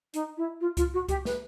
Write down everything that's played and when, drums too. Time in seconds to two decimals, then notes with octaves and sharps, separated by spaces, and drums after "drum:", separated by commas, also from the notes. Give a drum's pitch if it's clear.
0.14 D#4, drum: hi-hat
0.37 E4
0.61 F4
0.77 F4, drum: kick C2, hi-hat
0.93 F#4
1.09 G4, drum: kick C2, hi-hat
1.25 B4, drum: snare